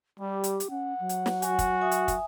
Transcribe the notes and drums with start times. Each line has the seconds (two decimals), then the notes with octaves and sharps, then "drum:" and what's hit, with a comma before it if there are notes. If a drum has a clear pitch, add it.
0.19 G3 G4
0.44 drum: hi-hat
0.60 drum: hi-hat
0.70 C#4 F#5
1.00 F#3
1.09 drum: hi-hat
1.26 drum: snare
1.42 F#4 G#5, drum: hi-hat
1.59 drum: kick, hi-hat
1.81 E5 G#5 D#6
1.91 drum: hi-hat
2.08 drum: kick, hi-hat